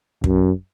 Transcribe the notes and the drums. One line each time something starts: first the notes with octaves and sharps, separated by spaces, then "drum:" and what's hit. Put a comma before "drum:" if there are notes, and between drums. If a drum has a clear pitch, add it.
F#2, drum: kick